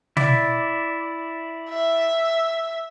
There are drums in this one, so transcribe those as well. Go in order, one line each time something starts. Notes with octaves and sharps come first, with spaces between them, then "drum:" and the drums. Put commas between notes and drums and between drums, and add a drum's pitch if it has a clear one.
E4 D5, drum: tom
E5